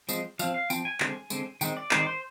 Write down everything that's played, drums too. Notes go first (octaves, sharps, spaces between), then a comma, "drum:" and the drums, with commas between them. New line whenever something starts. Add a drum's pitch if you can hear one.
F3 G#3 C4, drum: tambourine
F3 C4 F5, drum: tambourine
F5
F3 C4 G5, drum: tambourine
G#5
D3 G#3 C4, drum: clap
D3 G#3 C4, drum: tambourine
D#3 G#3 C4 G5, drum: tambourine
D5
D#3 G#3 C4 C5, drum: clap
D5
C5